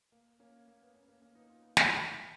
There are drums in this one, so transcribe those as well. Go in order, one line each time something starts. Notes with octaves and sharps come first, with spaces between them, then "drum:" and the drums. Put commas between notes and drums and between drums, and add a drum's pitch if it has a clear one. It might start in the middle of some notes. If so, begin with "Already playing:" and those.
A#3
A#3 C#4
A#3
B3
A#3 C#4
A#3 C#4
A#3 C#4
B3 D#4
C#4 F4
B3 D#4
B3, drum: snare